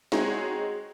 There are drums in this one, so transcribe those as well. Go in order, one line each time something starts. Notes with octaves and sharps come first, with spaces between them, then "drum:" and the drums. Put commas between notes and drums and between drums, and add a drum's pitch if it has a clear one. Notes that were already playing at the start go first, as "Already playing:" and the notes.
G#3 C4 D#4 F#4 G#4 C#5, drum: snare